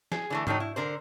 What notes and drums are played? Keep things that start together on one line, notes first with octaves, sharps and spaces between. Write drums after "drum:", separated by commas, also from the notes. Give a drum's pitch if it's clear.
G#4, drum: snare
D3 E3 A3
D3 D#3 F#3 A3 D#4, drum: tom G#2
E4
D3 A#4 C5